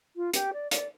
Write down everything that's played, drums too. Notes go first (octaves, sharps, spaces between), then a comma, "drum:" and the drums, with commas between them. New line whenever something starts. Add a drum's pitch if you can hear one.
F4
G4, drum: hi-hat
D5
D5, drum: hi-hat